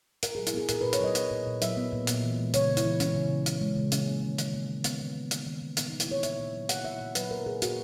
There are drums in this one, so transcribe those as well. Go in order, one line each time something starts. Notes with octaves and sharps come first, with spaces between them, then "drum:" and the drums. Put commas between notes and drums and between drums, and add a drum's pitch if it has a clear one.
A#2 A#4, drum: hi-hat
F#3 G#4
E4, drum: hi-hat
B3 G#4
A#2 A#4, drum: hi-hat
A#2 B4
C#5, drum: hi-hat
F#3 D#5
B3, drum: hi-hat
A#2
A#2
F#3 E5, drum: hi-hat
B3
A#2
B3, drum: hi-hat
E3
G#3
C#3 C#5, drum: hi-hat
B3
E4, drum: hi-hat
E3
G#3 C#4, drum: hi-hat
C#3
B3
E3, drum: hi-hat
G#3
C#3
A#3 C#4, drum: hi-hat
A#3
D#3
D#3, drum: hi-hat
A#3
A#3
D#3 B3, drum: hi-hat
D#3
A#3
A#3, drum: hi-hat
D#3
D#3
A#2 B3, drum: hi-hat
F#3 D#4
E4, drum: hi-hat
A#3 C#5
A#2 E5, drum: hi-hat
A#2
F#3
A#3 F#5, drum: hi-hat
A#2 E5
A#2
F#3 B4, drum: hi-hat
A#3 A#4
A#2 G#4
A#3 F#4, drum: hi-hat